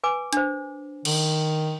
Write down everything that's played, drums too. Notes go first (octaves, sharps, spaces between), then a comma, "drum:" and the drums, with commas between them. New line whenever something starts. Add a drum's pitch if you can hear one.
B4 G#5 D6
D4 C5, drum: hi-hat
D#3, drum: cymbal